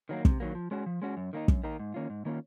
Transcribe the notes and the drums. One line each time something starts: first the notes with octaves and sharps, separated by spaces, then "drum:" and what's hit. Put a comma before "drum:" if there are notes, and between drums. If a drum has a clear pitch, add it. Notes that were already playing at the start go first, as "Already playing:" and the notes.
D#3 F#3 A#3
C3, drum: kick
D#3 F#3 A#3
F3
G#3 C#4 F#4
F3
G#3 C#4 F#4
F#2
D#3 A#3 D#4
F#2, drum: kick
D#3 A#3 D#4
G#2
D#3 A#3 C#4 F4
G#2
D#3 A#3 C#4 F4